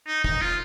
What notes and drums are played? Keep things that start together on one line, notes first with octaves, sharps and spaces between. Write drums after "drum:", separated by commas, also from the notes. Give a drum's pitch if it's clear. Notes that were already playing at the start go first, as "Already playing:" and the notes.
D#4
D#4, drum: kick
F4